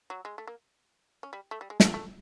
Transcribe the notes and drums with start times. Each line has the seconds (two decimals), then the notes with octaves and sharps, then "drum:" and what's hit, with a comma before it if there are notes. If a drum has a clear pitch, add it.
0.10 F#3
0.25 G#3
0.38 A3
0.47 A#3
1.23 C#4
1.33 G3
1.51 A3
1.61 G3
1.70 G#3
1.80 A3, drum: snare
1.94 A3